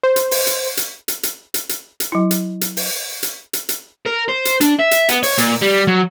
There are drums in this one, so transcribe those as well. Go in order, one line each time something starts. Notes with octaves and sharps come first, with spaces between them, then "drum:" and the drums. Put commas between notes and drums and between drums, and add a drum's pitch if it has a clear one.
C5
drum: hi-hat
drum: open hi-hat
drum: hi-hat
drum: hi-hat
drum: hi-hat
drum: hi-hat
drum: hi-hat
drum: hi-hat
drum: hi-hat
F#3 E4
drum: hi-hat
drum: hi-hat
drum: open hi-hat
drum: hi-hat
drum: hi-hat
drum: hi-hat
A#4
C5
drum: hi-hat
D4, drum: hi-hat
E5
drum: hi-hat
B3, drum: hi-hat
C#5, drum: open hi-hat
A#2, drum: hi-hat
G3
F#3